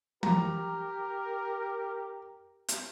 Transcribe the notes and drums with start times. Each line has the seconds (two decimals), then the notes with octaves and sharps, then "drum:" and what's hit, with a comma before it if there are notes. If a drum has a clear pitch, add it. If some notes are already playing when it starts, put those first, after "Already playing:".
0.23 G4 A#4 A#5, drum: tom E3
2.68 drum: hi-hat